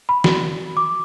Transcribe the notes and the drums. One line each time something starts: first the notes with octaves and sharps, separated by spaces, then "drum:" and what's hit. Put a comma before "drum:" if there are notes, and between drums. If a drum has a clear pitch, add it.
B5
F#4, drum: snare
D6